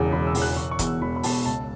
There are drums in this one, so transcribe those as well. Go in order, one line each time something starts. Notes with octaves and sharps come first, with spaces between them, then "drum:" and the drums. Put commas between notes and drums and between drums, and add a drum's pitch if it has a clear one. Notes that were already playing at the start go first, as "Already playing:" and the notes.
Already playing: E1 E2 C#3
E1 B5
E6
E2 C#3, drum: open hi-hat
F#6
E1 C#6
C#6
E2 B2, drum: kick, hi-hat
E6
E1 B5
B5
E2 B2 A5, drum: open hi-hat
C#2 A5